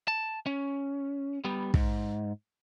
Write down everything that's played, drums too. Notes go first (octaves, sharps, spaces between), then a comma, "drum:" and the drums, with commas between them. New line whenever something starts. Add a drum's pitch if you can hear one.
A5
C#4
G3 B3
G#2, drum: kick